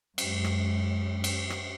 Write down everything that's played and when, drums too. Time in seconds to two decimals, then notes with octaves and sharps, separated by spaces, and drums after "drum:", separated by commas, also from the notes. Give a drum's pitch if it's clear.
0.18 F#2 G#3, drum: cymbal
0.44 drum: rim click
1.24 drum: cymbal
1.50 drum: rim click